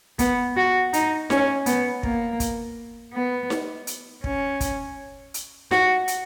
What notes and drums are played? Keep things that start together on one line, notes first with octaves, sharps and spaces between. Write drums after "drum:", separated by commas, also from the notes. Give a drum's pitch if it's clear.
B3, drum: kick, hi-hat
F#4
D#4, drum: hi-hat
C#4, drum: snare D#4
B3, drum: hi-hat
A#3, drum: kick
drum: kick, hi-hat
B3
drum: snare D#4
drum: hi-hat
C#4, drum: kick
drum: kick, hi-hat
drum: hi-hat
F#4, drum: snare D#4
drum: hi-hat